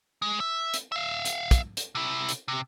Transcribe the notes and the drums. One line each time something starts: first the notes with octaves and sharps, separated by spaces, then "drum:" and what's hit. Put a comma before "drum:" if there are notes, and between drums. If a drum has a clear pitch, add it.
G#3
E5
drum: hi-hat
E5 F5
drum: hi-hat
drum: kick, hi-hat
drum: hi-hat
C3 E4
drum: hi-hat
C3